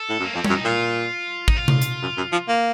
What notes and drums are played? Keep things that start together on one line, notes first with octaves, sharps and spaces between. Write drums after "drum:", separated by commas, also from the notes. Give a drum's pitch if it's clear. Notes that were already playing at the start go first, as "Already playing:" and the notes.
Already playing: A4
A2
F#2
A#3
F2 C4
F#2 C#4, drum: tom G3
D#4
A#2 F4
D#4, drum: kick
F4
drum: tom C3
drum: hi-hat
F#2
F#2
F3
A#3